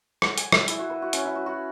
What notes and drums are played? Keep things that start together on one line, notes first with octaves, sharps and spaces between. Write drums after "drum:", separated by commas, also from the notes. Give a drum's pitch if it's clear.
F#5, drum: rim click
G#5, drum: hi-hat
E5, drum: rim click
E4, drum: hi-hat
F#4
B4
F#4
C#4, drum: hi-hat
E4
F#4
F#4